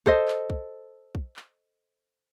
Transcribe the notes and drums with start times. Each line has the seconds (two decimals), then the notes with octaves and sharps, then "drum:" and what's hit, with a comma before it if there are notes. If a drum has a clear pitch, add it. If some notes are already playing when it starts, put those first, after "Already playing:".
0.06 A4 C5 D#5, drum: kick
0.28 drum: clap
0.50 drum: kick
1.15 drum: kick
1.36 drum: clap